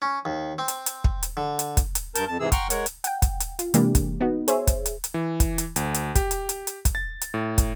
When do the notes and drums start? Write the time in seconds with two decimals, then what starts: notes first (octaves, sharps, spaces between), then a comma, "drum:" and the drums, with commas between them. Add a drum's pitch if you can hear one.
0.02 C#4
0.25 D#2
0.58 C4
0.68 drum: hi-hat
0.86 drum: hi-hat
1.04 drum: kick
1.23 drum: hi-hat
1.37 D3
1.59 drum: hi-hat
1.77 drum: kick, hi-hat
1.95 drum: hi-hat
2.15 G2 A#4 A5 G6, drum: hi-hat
2.27 F2 A5
2.40 G#2 C3 E3 G#4 E6
2.52 F#5 G5 A#5 C6 C#6 F6, drum: kick, hi-hat
2.70 G#3 A#4 C#5 F#5, drum: hi-hat
2.86 drum: hi-hat
3.04 F#5 G5, drum: hi-hat
3.22 drum: kick, hi-hat
3.40 drum: hi-hat
3.59 F4, drum: hi-hat
3.74 C3 E3 G#3 A#3 D4 G4, drum: hi-hat
3.95 drum: kick, hi-hat
4.21 B3 D#4 F#4
4.48 G#4 C5 C#5 E5, drum: hi-hat
4.67 drum: kick, hi-hat
4.86 drum: hi-hat
5.04 drum: hi-hat
5.14 E3
5.40 drum: kick, hi-hat
5.58 drum: hi-hat
5.76 D2, drum: hi-hat
5.94 drum: hi-hat
6.15 G4, drum: kick, hi-hat
6.31 drum: hi-hat
6.49 drum: hi-hat
6.67 drum: hi-hat
6.85 drum: kick, hi-hat
6.95 A6
7.21 drum: hi-hat
7.34 A2
7.58 drum: kick, hi-hat